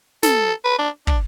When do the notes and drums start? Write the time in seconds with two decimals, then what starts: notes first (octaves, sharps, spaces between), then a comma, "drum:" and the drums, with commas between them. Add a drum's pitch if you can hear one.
0.23 A4, drum: snare
0.65 B4
0.79 D4
1.07 D4, drum: kick